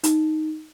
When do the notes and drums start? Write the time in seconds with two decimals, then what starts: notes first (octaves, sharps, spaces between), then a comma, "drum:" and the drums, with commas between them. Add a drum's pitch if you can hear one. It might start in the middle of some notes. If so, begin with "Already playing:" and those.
0.04 D#4, drum: hi-hat